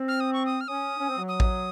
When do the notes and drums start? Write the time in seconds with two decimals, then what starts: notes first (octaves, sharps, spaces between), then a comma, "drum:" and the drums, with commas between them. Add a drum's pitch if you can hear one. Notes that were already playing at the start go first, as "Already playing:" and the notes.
Already playing: C4
0.08 F6
0.20 D#6
0.33 C#6
0.46 D#6
0.61 F6
0.68 C#4 D#6
0.99 C#4
1.08 C4
1.18 F#3
1.28 D#6
1.40 drum: kick A1